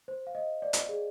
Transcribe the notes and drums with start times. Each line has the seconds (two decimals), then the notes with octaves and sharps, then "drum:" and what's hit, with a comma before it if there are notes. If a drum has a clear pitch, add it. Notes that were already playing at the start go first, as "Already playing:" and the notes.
0.08 C5
0.27 F5
0.35 D#5
0.62 D5
0.73 drum: hi-hat
0.89 G#4